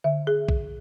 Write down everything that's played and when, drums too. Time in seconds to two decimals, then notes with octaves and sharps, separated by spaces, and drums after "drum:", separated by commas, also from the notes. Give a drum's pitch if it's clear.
0.04 D3 E5
0.27 G#4
0.49 drum: kick A#1